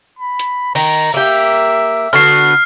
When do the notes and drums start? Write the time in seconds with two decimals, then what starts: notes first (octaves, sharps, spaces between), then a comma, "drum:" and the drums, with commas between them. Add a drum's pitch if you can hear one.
0.19 B5
0.39 drum: hi-hat
0.75 D#3 A#5, drum: cymbal
1.14 A#3 G4 E5
2.13 D3 B3 F#4 F6 C7